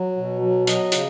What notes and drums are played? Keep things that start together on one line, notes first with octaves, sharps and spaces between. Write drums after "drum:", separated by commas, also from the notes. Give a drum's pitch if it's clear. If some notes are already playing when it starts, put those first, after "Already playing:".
Already playing: F#3
B2
F#3
F#3 D#5, drum: hi-hat
C#3, drum: hi-hat